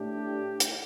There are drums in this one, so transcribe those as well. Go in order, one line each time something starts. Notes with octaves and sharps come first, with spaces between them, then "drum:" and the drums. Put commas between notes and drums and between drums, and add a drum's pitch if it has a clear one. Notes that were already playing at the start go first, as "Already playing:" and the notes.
Already playing: A2 A3 D4 G4
drum: hi-hat